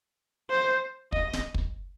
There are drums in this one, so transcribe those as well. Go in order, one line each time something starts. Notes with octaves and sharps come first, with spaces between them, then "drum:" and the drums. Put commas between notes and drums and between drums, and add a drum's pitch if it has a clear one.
C5
D#5, drum: kick
drum: snare D1
drum: kick